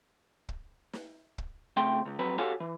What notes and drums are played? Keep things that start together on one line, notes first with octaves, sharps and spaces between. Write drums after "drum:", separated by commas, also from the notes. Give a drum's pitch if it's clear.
drum: kick
drum: snare
drum: kick
C#3 A3 C4 G5 C6
C#2
F2 F#3 C4 B4
F#4 G4 A4 C#5 F5 G#5
E3